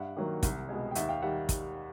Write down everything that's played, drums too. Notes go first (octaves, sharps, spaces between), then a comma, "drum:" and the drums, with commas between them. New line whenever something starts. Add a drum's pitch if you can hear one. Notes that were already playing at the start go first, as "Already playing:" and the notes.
Already playing: G2 E5 F#5
D#3 F#3 A#3
C2, drum: kick, hi-hat
B2 G#3
G5
D#2 E5 F#5, drum: hi-hat
F5 G5
D#3 G3 E5 F#5
drum: kick, hi-hat